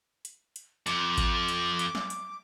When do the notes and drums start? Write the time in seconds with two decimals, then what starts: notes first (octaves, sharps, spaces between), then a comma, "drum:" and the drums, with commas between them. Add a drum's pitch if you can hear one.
0.25 drum: hi-hat
0.56 drum: hi-hat
0.87 F2 D6, drum: hi-hat
1.18 drum: kick G#1, hi-hat
1.48 drum: hi-hat
1.79 drum: hi-hat
1.95 drum: snare
2.10 drum: hi-hat